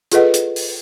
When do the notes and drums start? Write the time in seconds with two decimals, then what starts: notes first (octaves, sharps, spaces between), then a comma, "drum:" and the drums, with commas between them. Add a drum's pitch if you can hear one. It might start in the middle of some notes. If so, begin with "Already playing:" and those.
0.12 F4 G#4 A4 B4 D#5 F#5, drum: hi-hat
0.34 drum: hi-hat
0.56 drum: open hi-hat